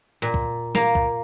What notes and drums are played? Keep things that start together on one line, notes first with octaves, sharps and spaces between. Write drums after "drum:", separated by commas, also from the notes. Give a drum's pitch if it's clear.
A#2
drum: kick
A#3, drum: snare
drum: kick